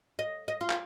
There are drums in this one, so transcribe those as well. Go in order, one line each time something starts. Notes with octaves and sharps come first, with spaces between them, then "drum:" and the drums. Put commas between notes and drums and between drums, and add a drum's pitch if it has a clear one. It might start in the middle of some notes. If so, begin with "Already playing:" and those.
D#5
D#5
F4
drum: clap